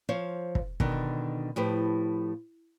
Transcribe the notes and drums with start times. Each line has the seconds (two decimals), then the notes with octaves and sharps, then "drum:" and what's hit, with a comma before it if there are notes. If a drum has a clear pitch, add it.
0.09 F3 C5 C#5 F5
0.55 drum: kick
0.80 B2 D3 D#3, drum: kick
1.56 A2 F3 G4 B4